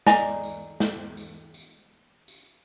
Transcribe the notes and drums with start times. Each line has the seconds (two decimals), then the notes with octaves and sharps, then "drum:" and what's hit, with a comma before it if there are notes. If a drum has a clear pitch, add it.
0.07 D5 D#5 G#5 A#5, drum: snare
0.43 drum: tambourine
0.80 drum: snare
1.17 drum: tambourine
1.54 drum: tambourine
2.28 drum: tambourine